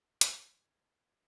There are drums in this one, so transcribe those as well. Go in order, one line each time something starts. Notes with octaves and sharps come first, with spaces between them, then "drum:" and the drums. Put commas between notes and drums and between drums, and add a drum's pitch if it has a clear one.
C#2 A3 E4 F4 D5 D6 G#6, drum: hi-hat